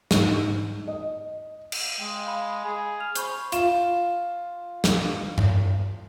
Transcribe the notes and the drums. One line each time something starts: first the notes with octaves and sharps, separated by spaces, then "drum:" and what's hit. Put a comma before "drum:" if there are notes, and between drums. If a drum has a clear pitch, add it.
G#2, drum: snare
D#5
drum: cymbal
G#3 G5
F5 B5
G#4 B5
F6 F7
C5 B5 C#6 G6, drum: hi-hat
F4 E7, drum: hi-hat
drum: snare
drum: tom G2